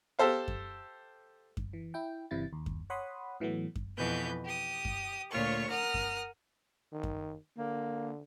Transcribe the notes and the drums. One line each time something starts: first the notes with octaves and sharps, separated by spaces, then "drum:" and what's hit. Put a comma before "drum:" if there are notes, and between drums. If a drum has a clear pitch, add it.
G4 A4 C5 F5
drum: kick F#2
drum: kick F#2
E3
E4 G5
G1 C3 E3 E4 A6
D#2
drum: kick F#2
C#5 F#5 B5 C6 D#6
A2 E3 F#3 A3 B3
drum: kick F#2
F2 B2 E3 B4 G6
G4 D#6
drum: kick F#2
D2 A#2 F4 C#5 C#6
A#4 F#5 A#5 D#6 F6
drum: kick F#2
D#3
drum: kick F#2
D3 A#3